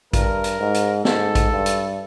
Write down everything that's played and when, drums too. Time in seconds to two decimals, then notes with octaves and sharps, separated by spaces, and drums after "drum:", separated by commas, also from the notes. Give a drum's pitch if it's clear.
0.13 G2 A#4, drum: kick A1, hi-hat
0.44 drum: hi-hat
0.60 G#2
0.74 drum: hi-hat
1.05 G#2 A4, drum: snare
1.35 drum: kick A1, hi-hat
1.51 G2
1.66 drum: hi-hat